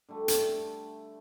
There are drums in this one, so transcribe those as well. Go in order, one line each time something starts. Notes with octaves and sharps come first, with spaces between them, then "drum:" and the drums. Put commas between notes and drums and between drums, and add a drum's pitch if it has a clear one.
D3 G3 A3
drum: hi-hat